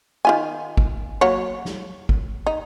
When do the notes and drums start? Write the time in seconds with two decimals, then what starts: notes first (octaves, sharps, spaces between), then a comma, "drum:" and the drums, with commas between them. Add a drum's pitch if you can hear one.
0.25 D#3 F4 G#5
0.77 drum: kick G#1
1.21 F#3 A#3 C#5
1.65 drum: snare
2.09 drum: kick G#1
2.47 D#4